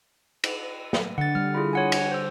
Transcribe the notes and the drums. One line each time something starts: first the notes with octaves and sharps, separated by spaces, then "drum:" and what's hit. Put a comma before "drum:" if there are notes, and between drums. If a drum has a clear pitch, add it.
drum: cymbal
drum: snare
D3 F#5 A6
G3 F6
E4 F4 G#4
C#5 F#5 G#5
drum: cymbal
C5 E6